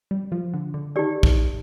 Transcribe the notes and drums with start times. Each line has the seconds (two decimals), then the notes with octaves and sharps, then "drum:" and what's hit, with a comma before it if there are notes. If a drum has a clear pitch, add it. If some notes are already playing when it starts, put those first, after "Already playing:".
0.11 G3
0.32 F3
0.54 D3
0.74 D3
0.95 D#3 D#4 G4 D5
1.23 drum: kick